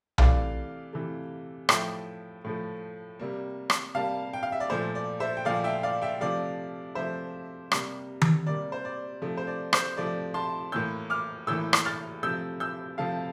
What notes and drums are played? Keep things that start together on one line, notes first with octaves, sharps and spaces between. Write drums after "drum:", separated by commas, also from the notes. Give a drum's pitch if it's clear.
C3 E3 A3 D5 F5, drum: tom B1
C3 E3 A3
A2 F3 A3 E5 G5, drum: rim click
A2 F3 A3
C3 G3 A#3
drum: rim click
C3 G3 A#3 F5 A5
G5
F5
E5
D5
A#2 F3 A3 C5
D5
C5 E5
G5
A#2 F3 A3 D5 F5
E5 G5
D5 F5
E5 G5
C3 F3 A3 D5 F5
C3 F3 A3 C5 E5
C3 G3 A#3, drum: rim click
drum: tom D#3
C3 G3 A#3 D5
C5
D5
C3 F3 A3
C5
D5
C5, drum: rim click
C3 F3 A3 D5
A5 C6
A2 E3 A#3 E6 G6
D6 F6
A2 E3 A#3 E6 G6
drum: rim click
F6 A6
C3 F3 A3 E6 G6
E6 G6
C3 F3 A3 F5 A5